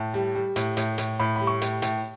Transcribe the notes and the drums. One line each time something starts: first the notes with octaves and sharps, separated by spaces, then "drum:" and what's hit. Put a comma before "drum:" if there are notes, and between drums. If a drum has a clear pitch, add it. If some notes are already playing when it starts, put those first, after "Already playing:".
Already playing: A2 A5
G3
G3
A2, drum: hi-hat
A2, drum: hi-hat
A2, drum: hi-hat
A2 B5
G3 B5
C#6
A2, drum: hi-hat
A2, drum: hi-hat